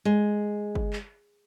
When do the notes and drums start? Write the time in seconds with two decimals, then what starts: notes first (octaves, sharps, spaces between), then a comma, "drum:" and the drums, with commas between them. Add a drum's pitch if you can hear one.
0.05 G#3
0.75 drum: kick G1
0.93 drum: clap